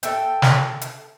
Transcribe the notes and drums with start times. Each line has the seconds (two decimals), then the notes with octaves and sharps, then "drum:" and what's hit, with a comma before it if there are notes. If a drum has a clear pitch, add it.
0.03 A4 E5 G5, drum: hi-hat
0.42 drum: snare
0.81 drum: hi-hat